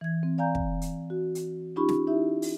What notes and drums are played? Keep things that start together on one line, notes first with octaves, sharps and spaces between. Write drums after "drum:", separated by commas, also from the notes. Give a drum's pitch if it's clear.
E3 G#6
C4
D5 F5 G#5 A#5 G6
drum: kick
drum: hi-hat
F#4
drum: hi-hat
C#4 D#4 F4 G4 B5 C#6
drum: snare
D#4 E4 G4 E5
drum: open hi-hat